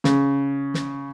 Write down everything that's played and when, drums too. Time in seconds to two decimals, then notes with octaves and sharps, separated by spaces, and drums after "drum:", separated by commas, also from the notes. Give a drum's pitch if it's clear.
0.04 C#3, drum: snare
0.74 drum: snare